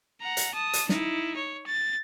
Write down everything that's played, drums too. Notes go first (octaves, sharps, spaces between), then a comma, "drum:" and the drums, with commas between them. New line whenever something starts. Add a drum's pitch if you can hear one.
F#5 A#5
drum: hi-hat
A5 D#6
drum: hi-hat
D#4 E4, drum: snare
C#5
A6